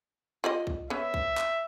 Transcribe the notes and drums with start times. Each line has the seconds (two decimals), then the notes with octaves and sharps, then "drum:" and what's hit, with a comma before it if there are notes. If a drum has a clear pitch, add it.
0.44 F4 D5 D#5
0.67 drum: kick B1
0.90 B3 C#4 E5
1.14 drum: kick B1
1.37 drum: clap